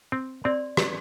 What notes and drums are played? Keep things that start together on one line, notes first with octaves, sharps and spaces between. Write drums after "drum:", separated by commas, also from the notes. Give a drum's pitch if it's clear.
C4
C4 G4 D5 C6
drum: rim click